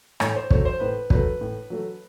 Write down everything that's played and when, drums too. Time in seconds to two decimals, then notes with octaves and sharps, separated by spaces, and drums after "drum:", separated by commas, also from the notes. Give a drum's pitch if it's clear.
0.20 A2 C#5, drum: rim click
0.36 C5
0.50 F#3 A3 C#5, drum: kick
0.65 C5
0.80 A2 B4
1.10 F#3 A3 B4, drum: kick
1.41 A2
1.70 F#3 A3